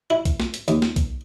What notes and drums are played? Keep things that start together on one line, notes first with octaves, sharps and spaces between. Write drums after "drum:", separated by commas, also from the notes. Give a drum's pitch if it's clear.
E4
drum: kick B1, hi-hat
drum: snare
drum: hi-hat
D#2, drum: hi-hat
drum: snare
drum: kick B1, hi-hat